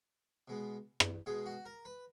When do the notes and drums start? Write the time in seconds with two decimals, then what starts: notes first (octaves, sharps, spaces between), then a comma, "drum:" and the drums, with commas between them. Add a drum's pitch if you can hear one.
0.48 B2 G#3 B3
1.00 drum: rim click
1.26 B2 G#3 B3 G#4
1.46 F#4
1.65 A#4
1.85 B4